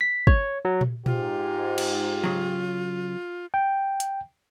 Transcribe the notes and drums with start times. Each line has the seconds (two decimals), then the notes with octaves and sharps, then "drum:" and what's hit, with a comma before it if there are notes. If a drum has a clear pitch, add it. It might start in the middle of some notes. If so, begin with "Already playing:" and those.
0.01 B6
0.27 C#5, drum: kick
0.65 F#3
0.81 drum: tom A#2
1.06 G#2 F4 G4, drum: tom A#2
1.78 drum: cymbal
2.24 C#3 F#3
3.54 G5
4.00 drum: hi-hat